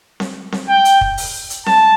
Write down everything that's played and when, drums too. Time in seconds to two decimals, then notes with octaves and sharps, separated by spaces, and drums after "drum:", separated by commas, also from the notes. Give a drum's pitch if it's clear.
0.20 drum: snare C4
0.52 drum: snare C4
0.69 G5
0.85 drum: hi-hat
1.01 drum: kick
1.18 drum: open hi-hat
1.50 drum: hi-hat
1.66 A5, drum: snare C4